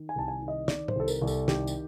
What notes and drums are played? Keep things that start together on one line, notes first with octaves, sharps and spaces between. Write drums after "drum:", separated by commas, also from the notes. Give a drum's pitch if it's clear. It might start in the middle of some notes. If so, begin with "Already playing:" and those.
Already playing: D#3
G#5
C2 A5
G#5
D#3
D#5
D#3 D5, drum: snare
C5, drum: tom
C2 A4
A#4, drum: tambourine
C2
A4, drum: tambourine
D#3 G4, drum: snare
drum: tambourine